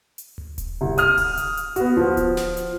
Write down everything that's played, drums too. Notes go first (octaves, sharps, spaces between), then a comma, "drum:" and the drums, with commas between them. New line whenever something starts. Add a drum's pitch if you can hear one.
drum: hi-hat
drum: tom D2
drum: kick D1, hi-hat
C2
D#6 F6, drum: hi-hat
drum: kick D1, open hi-hat
drum: hi-hat
drum: hi-hat
B3 F#4, drum: hi-hat
F3, drum: tom D2
drum: kick D1, hi-hat
drum: snare
drum: hi-hat